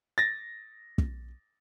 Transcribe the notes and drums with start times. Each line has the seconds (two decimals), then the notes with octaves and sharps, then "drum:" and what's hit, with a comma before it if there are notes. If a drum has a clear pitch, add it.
0.18 A6 A#6
0.98 drum: kick